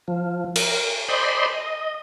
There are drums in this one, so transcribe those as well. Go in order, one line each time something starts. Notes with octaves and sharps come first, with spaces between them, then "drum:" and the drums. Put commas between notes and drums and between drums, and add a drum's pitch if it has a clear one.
F3
A#4, drum: cymbal
C5 D5 D#5 B5 C6
D#5